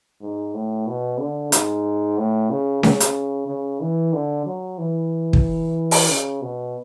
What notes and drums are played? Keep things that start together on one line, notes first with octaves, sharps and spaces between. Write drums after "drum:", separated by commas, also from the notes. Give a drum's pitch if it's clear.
G#2
A2
B2
D3
G#2, drum: hi-hat
A2
C#3
C#3, drum: snare C#4
drum: hi-hat
C#3
E3
D3
F#3
E3
drum: kick
drum: open hi-hat
C#3
B2